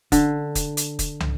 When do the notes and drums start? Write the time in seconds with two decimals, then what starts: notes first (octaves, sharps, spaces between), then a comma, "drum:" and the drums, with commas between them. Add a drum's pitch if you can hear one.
0.12 D3, drum: kick, hi-hat
0.55 drum: kick, hi-hat
0.77 drum: hi-hat
0.99 drum: kick, hi-hat
1.20 drum: tom